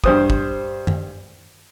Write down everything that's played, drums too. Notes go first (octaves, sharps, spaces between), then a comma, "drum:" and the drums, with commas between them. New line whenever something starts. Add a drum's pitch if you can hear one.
G2 C5 D#6, drum: kick
drum: kick
drum: tom